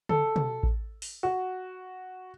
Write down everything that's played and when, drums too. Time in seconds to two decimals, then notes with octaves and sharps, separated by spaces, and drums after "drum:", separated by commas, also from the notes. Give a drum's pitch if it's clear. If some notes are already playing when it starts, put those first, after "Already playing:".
0.09 A4, drum: tom C#3
0.36 drum: tom
0.63 drum: kick A1
1.02 drum: open hi-hat
1.23 F#4